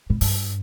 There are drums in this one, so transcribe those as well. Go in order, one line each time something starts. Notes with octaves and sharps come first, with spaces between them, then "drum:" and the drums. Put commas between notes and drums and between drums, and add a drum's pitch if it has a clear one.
A2
G2, drum: open hi-hat